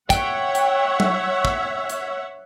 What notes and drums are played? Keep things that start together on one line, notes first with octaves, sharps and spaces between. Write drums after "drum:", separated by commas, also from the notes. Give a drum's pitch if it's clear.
C#5 E5 F#5 G5, drum: kick, hi-hat
drum: hi-hat
drum: tom F#3
drum: kick
drum: hi-hat